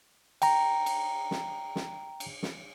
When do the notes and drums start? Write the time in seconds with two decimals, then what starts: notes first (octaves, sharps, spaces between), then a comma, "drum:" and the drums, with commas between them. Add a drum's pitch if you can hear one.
0.42 G5 A#5, drum: cymbal
0.86 drum: cymbal
1.31 drum: snare
1.76 drum: snare
2.20 drum: cymbal
2.43 drum: snare